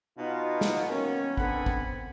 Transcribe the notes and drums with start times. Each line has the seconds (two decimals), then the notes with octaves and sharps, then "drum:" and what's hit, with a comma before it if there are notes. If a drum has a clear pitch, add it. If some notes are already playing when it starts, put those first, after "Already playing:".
0.18 B2 D#4 F4
0.61 drum: snare
0.89 D#3 A#3 B3 C#4
1.37 D3 B3 C4 F#5 G#5 B5, drum: kick G#1
1.66 drum: kick G#1